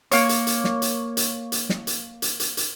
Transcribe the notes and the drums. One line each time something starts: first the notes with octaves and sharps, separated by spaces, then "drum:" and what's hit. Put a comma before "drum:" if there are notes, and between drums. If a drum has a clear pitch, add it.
A#3 C#5, drum: hi-hat
drum: hi-hat
drum: hi-hat
drum: snare
drum: hi-hat
drum: hi-hat
drum: hi-hat
drum: snare
drum: hi-hat
drum: hi-hat
drum: hi-hat
drum: hi-hat